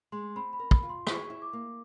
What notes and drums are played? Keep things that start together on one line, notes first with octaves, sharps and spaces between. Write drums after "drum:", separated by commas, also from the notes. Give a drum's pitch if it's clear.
G#3 C6
C4 B5
B5
A#4
B5, drum: kick
F4
C6
G#4 C#6, drum: rim click
E4
D6
A#3